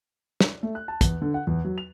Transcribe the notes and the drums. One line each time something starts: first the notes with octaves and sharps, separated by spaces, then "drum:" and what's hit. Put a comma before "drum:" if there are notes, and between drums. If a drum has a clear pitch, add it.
drum: snare
A3
F#6
A5
E2, drum: kick, hi-hat
D3
F#5
E2
F#3
F7